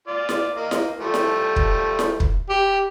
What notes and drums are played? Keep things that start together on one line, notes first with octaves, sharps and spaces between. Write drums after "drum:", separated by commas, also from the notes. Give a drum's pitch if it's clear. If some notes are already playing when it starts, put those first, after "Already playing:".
F4 D5
drum: snare E4
A#3 D#5
drum: snare E4
F3 G3 A3
drum: snare E4
drum: kick
drum: snare E4
drum: kick
G4